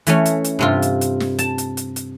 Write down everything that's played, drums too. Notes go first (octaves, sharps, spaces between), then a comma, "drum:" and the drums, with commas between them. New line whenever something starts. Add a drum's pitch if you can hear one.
E3 A3 C#4, drum: hi-hat
drum: hi-hat
drum: hi-hat
G2 C3 F4
drum: hi-hat
drum: hi-hat
drum: snare
A5, drum: hi-hat
drum: hi-hat
drum: hi-hat
drum: hi-hat